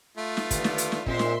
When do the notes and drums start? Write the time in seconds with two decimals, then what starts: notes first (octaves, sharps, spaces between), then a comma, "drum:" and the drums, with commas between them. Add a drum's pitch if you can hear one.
0.17 A3 F4
0.37 drum: snare
0.51 D#2 D3 B4, drum: kick, hi-hat
0.64 drum: snare
0.78 drum: hi-hat
0.92 drum: snare
1.06 A#2 G#3 C4 D#4 E5 C6, drum: kick
1.19 drum: snare